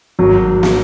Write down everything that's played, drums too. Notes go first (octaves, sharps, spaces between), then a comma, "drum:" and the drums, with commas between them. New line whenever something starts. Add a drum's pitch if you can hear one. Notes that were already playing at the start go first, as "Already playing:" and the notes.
G#1 F#3
drum: snare